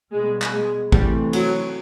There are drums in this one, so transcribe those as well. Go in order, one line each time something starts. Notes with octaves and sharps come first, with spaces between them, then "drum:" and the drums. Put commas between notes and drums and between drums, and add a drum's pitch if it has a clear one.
B2 G3 G#3 B3
drum: clap
G#3
C3 E3 G3 A3 C4, drum: kick
F#3, drum: cymbal